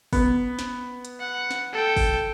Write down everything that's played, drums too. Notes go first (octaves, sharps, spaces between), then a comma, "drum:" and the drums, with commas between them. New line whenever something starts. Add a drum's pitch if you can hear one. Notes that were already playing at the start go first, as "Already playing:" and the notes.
B3, drum: kick, open hi-hat
drum: snare
drum: hi-hat
F#5
drum: snare
A4 G5
drum: kick, open hi-hat